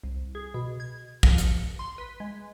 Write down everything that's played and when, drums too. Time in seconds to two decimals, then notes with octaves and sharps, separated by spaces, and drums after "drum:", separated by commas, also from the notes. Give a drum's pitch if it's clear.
0.04 C2
0.35 G#4
0.54 B2
0.80 G#6
1.23 F3, drum: kick A#1
1.38 C#7, drum: hi-hat
1.79 C6
1.98 B4
2.20 G#3